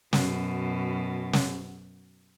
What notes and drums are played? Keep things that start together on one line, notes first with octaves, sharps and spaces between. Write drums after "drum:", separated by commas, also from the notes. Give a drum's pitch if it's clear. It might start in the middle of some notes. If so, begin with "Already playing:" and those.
F#2 B2, drum: snare
drum: snare